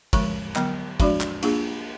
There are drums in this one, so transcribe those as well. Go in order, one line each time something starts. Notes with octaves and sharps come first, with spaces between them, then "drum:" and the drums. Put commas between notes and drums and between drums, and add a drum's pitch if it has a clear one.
D3 F3 G#3, drum: kick, cymbal
D3 F#3 B3, drum: clap
F3 G#3 D4 F#4 D5, drum: kick, cymbal
drum: clap
A#3 D4 F4 G#4, drum: cymbal